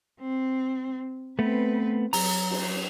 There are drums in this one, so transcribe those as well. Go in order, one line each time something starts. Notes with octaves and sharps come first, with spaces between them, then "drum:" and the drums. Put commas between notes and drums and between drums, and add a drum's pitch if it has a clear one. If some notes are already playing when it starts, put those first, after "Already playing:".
C4
A3 B3 C4 B4
F#3 A#5, drum: open hi-hat
drum: cymbal